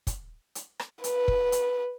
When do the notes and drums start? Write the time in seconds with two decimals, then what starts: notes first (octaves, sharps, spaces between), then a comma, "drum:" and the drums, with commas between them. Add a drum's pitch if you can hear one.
0.07 drum: kick, hi-hat
0.55 drum: hi-hat
0.80 drum: rim click
1.04 B4, drum: hi-hat
1.28 drum: kick
1.52 drum: hi-hat